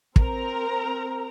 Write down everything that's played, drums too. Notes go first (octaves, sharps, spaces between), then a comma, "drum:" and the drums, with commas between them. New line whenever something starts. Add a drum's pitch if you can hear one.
C4 A#4 A#5, drum: kick